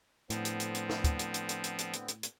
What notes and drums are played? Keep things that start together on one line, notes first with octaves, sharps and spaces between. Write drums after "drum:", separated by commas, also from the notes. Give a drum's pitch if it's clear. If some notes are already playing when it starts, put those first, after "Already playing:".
A2 D3 F3 B3 C4, drum: hi-hat
drum: hi-hat
drum: hi-hat
drum: hi-hat
drum: snare
drum: kick, hi-hat
drum: hi-hat
drum: hi-hat
drum: hi-hat
drum: hi-hat
drum: hi-hat
drum: hi-hat
drum: hi-hat
drum: hi-hat